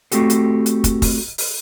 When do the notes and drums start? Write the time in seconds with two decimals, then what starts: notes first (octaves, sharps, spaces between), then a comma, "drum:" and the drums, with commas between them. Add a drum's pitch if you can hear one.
0.12 A3 C4 F#4 G4 A4, drum: hi-hat
0.30 drum: hi-hat
0.66 drum: hi-hat
0.84 drum: kick, hi-hat
1.02 drum: kick, open hi-hat
1.38 drum: open hi-hat